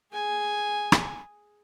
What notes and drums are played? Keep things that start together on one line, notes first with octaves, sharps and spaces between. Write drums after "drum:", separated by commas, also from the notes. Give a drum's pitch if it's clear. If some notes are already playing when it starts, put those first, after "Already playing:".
G#4 G#5
drum: rim click